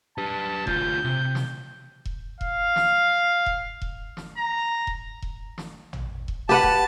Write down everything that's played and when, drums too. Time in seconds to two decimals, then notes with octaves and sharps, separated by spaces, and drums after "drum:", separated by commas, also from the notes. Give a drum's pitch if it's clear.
0.18 G4 B4 A5
0.67 D2 F4 G6, drum: kick E1
1.05 C3
1.35 drum: snare
2.05 drum: kick E1
2.41 F5, drum: kick E1
2.76 drum: snare
3.46 drum: kick E1
3.82 drum: kick E1
4.17 drum: snare
4.38 A#5
4.87 drum: kick E1
5.22 drum: kick E1
5.58 drum: snare
5.93 drum: tom
6.28 drum: kick E1
6.49 G4 B4 F#5 A5
6.63 drum: kick E1